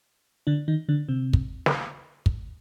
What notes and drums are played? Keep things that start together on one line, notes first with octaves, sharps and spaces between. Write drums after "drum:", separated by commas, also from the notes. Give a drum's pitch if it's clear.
D3 D4
D#3 D#4
D3 D4
C3 C4
drum: kick
drum: snare
drum: kick